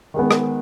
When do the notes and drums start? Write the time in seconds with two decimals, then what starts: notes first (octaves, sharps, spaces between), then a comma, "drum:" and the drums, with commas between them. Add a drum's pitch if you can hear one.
0.14 D#3 G#3 B3
0.31 drum: rim click